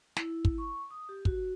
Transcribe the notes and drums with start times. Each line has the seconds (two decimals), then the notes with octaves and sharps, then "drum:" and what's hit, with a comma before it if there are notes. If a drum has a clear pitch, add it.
0.16 E4, drum: snare
0.45 drum: kick
0.58 C#6
0.91 D#6
1.09 G4
1.25 F#4, drum: kick